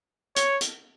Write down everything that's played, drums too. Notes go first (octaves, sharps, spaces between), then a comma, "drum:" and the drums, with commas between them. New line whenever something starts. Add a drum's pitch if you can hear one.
C#5, drum: hi-hat
drum: hi-hat